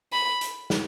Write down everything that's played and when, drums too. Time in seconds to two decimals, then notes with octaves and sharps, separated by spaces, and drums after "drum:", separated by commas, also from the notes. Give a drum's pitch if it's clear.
0.13 B5
0.41 drum: hi-hat
0.70 drum: snare